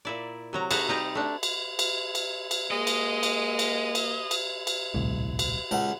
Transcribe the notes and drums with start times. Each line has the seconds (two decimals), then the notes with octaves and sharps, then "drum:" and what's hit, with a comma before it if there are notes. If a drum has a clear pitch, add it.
0.05 A#2 E4 D5
0.53 C3 F#3 A#5
0.71 D#4 E4 F#4 G#4 A4, drum: cymbal
0.88 G3 D#4 G4 A#5
1.15 A3 D4
1.43 drum: cymbal
1.79 drum: cymbal
2.15 drum: cymbal
2.51 drum: cymbal
2.71 G#3 A#3 D#5
2.87 drum: cymbal
3.23 drum: cymbal
3.59 drum: cymbal
3.95 drum: cymbal
4.31 drum: cymbal
4.67 drum: cymbal
4.94 D#1 C2 A2
5.39 drum: cymbal
5.71 C#2 F#5